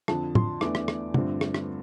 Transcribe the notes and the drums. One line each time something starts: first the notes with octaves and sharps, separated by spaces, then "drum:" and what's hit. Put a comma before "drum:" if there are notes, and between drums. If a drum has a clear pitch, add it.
F2 D3 F3 A5, drum: rim click
C6, drum: tom A2
E2 E3 A3 D4 D6, drum: rim click
drum: rim click
drum: rim click
G2 D3 F3 A3 C4, drum: tom
drum: rim click
drum: rim click